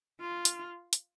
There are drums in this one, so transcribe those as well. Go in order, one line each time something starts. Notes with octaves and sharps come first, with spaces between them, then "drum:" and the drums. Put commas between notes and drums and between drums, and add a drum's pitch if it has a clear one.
F4
drum: hi-hat
drum: hi-hat